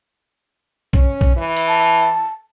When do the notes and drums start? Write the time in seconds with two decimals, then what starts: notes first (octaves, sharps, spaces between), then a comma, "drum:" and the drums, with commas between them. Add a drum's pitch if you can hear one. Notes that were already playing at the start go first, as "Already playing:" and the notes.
0.93 C#4, drum: kick
1.21 drum: kick
1.36 E3
1.57 drum: hi-hat
1.68 A5